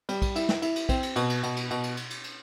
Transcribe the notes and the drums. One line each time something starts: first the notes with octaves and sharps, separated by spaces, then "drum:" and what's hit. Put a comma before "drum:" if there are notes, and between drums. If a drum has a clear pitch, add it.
G3, drum: cymbal
drum: kick, cymbal
E4, drum: cymbal
drum: snare
E4, drum: cymbal
drum: cymbal
C4, drum: kick, cymbal
drum: cymbal
B2, drum: cymbal
drum: cymbal
B2, drum: cymbal
drum: cymbal
B2, drum: cymbal
drum: cymbal
drum: cymbal
drum: cymbal
drum: cymbal